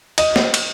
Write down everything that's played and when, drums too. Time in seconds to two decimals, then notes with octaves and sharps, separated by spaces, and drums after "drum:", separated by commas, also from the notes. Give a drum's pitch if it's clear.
0.18 D#5, drum: cymbal
0.36 drum: snare
0.54 drum: cymbal